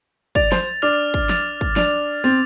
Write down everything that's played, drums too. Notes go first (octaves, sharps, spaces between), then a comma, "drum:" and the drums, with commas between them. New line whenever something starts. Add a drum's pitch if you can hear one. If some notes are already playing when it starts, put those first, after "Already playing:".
D5 A6 F7, drum: kick
C5, drum: snare
D4 D6 F6 A6 F7
drum: kick
D6 F6 A6 F7, drum: snare
drum: kick
D4 A6 F7, drum: snare
C4 A6 F7